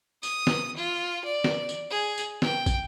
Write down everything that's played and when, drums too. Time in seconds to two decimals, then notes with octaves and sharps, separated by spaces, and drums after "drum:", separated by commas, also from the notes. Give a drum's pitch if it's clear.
0.23 D#6, drum: tambourine
0.47 drum: snare
0.77 F4
1.25 D5
1.44 drum: snare
1.69 drum: tambourine
1.90 G#4
2.18 drum: tambourine
2.42 G5, drum: snare
2.66 drum: kick, tambourine